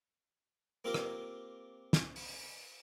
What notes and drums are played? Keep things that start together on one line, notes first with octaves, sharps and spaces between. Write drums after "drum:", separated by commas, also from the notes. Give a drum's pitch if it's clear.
A#3 C4 F4 G4 A#4
drum: rim click
drum: snare
drum: open hi-hat